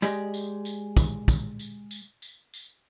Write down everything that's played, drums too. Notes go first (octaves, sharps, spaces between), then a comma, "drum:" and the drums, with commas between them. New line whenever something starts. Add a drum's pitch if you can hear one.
G#3 G4 D5 D#5, drum: tambourine
drum: tambourine
drum: tambourine
drum: kick, tambourine
drum: kick, tambourine
drum: tambourine
drum: tambourine
drum: tambourine
drum: tambourine